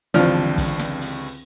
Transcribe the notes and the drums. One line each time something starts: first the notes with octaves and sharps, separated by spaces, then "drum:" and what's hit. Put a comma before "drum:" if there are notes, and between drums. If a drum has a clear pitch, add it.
C#2 G2 D3 E3 F3 C4 D4 F6, drum: snare
drum: kick, open hi-hat
drum: snare
drum: open hi-hat